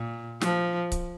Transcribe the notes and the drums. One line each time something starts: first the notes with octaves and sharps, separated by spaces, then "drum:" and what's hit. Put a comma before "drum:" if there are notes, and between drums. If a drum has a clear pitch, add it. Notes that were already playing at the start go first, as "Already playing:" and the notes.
Already playing: A#2
F3, drum: snare
drum: kick C#1, hi-hat